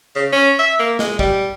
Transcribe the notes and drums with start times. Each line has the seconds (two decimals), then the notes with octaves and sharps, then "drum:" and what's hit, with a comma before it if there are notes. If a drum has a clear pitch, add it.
0.15 C#3
0.32 C#4
0.59 E5
0.79 A#3
0.99 G#3, drum: snare
1.19 G3, drum: kick